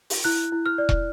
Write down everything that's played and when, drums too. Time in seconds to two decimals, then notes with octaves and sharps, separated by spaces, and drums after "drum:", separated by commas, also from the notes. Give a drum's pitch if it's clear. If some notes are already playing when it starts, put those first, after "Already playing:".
0.10 drum: open hi-hat
0.24 E4 F#6
0.52 E4
0.66 F6
0.78 D5
0.89 drum: kick E1